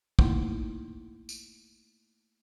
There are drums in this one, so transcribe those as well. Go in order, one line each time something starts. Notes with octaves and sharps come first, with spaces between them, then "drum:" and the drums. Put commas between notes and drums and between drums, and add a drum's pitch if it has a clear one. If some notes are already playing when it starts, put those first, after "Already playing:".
A3 A#3 D#4 E4, drum: kick
drum: tambourine